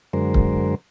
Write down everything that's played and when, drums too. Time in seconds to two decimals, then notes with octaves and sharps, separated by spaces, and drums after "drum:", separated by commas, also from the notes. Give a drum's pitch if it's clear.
0.13 F#2 D3 G#3 A#4 C5
0.34 drum: kick C#1